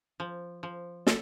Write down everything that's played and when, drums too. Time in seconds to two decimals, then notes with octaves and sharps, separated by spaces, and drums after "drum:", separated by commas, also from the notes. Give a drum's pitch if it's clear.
0.20 F3
0.63 F3
1.07 A4, drum: snare